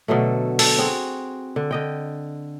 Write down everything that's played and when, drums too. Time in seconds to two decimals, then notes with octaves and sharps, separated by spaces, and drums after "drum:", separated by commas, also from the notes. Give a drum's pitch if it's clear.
0.08 B2 D3 F#3 A3
0.59 A4, drum: open hi-hat
0.78 C4 F#4 G#4
1.56 D3
1.71 D3 D#5 G5